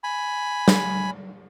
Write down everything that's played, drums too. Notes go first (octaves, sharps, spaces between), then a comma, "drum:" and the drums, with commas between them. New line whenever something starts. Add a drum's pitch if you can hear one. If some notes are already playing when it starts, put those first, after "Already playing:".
G#5 B5
drum: snare